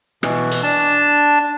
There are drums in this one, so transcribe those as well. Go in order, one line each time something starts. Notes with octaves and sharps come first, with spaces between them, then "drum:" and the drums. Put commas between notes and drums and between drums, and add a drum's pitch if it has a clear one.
B2 E3, drum: rim click
drum: hi-hat
D4 A5